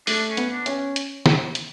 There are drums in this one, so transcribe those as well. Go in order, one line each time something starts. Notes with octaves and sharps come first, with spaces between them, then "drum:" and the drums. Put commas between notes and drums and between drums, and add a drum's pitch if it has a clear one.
A3 D4, drum: open hi-hat
C#4
B3, drum: hi-hat
D4
C#4, drum: hi-hat
drum: hi-hat
drum: snare
drum: hi-hat